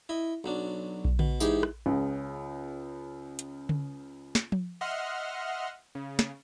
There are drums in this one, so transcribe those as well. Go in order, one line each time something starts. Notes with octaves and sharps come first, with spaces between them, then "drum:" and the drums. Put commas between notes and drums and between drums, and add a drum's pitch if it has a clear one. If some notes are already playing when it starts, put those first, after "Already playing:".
E4 D#5
B1 F#3 D4
drum: kick A#1
B2, drum: tom C#3
G#2 E3 D#4 G4 G#4, drum: tambourine
drum: rim click
C#2 C#3
drum: hi-hat
drum: tom C#3
drum: snare
drum: tom F3
D#5 E5 F#5 C6 F6
C#3
drum: snare